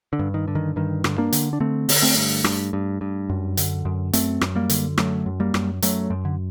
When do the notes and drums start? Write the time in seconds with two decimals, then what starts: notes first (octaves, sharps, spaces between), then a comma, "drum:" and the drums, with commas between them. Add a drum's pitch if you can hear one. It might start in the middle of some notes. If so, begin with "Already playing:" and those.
0.13 D3
0.19 G2
0.34 D#3
0.48 D3
0.55 D#3
0.76 G2 D#3
1.04 D3, drum: rim click
1.18 A#3 D4
1.32 D3, drum: hi-hat
1.53 D4
1.60 D3 A3 C4
1.89 D3, drum: open hi-hat
2.02 A3 C4
2.17 G2
2.44 G2, drum: rim click
2.73 G2
3.01 G2
3.29 F#2
3.57 D3, drum: hi-hat
3.85 F#2
4.13 F#2 A3 C4, drum: hi-hat
4.41 F#2, drum: rim click
4.55 G3 A#3
4.69 D3, drum: hi-hat
4.98 F#2 F#3 A3, drum: rim click
5.26 F#2
5.40 G3 A#3
5.54 F#2, drum: rim click
5.82 F#2 F#3 A3, drum: hi-hat
6.10 F#2
6.25 D3